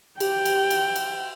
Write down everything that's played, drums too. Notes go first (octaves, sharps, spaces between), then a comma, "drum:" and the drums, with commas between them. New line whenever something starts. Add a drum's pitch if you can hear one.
G4 G5, drum: cymbal
drum: cymbal
drum: cymbal
drum: cymbal